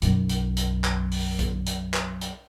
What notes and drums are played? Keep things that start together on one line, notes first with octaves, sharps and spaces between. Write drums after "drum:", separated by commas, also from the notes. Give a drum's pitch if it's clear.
B1 F#2, drum: hi-hat
drum: hi-hat
drum: hi-hat
drum: clap
drum: open hi-hat
drum: kick A#1, hi-hat
drum: hi-hat
drum: clap
drum: hi-hat